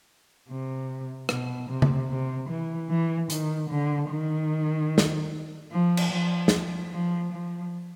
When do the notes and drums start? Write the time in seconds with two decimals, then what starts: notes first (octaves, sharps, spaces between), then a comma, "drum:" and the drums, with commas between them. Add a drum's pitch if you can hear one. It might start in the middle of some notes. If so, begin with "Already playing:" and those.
0.48 C3
1.29 B2, drum: rim click
1.69 C3
1.82 drum: tom C#3
2.09 C3
2.49 E3
2.90 E3
3.30 D#3, drum: hi-hat
3.70 D3
4.10 D#3
4.98 drum: snare
5.72 F3
5.97 drum: cymbal
6.11 F3
6.48 drum: snare
6.92 F3
7.32 F3